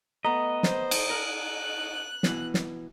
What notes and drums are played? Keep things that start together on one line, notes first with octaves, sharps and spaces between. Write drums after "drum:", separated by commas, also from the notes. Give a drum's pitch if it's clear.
A3 B3 D#5 A#5
C5, drum: snare
drum: cymbal
A#4 F#6
B2 E3, drum: snare
drum: snare